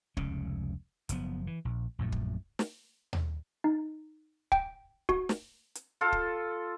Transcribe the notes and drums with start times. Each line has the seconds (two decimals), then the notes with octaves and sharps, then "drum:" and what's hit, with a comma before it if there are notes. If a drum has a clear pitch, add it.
0.17 F1 C#2 C#3 C#4, drum: kick
1.09 F#1 F3 B3, drum: hi-hat
1.47 E3
1.65 A#1
1.99 A#1 F#2 A#2 A3
2.12 drum: kick
2.59 drum: snare
3.13 drum: tom D#2
3.64 D#4
4.52 G5, drum: kick
5.09 F#4, drum: kick
5.29 drum: snare
5.75 drum: hi-hat
6.01 F4 A4
6.12 drum: kick